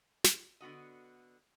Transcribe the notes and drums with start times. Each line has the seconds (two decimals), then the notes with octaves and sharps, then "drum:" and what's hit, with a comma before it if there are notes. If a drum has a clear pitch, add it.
0.24 drum: snare
0.61 D3 B3 F#4 D#5